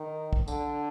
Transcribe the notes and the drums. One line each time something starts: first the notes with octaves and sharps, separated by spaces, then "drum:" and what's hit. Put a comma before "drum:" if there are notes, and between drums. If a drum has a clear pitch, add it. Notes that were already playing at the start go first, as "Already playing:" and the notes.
Already playing: D#3
drum: kick
D3, drum: tambourine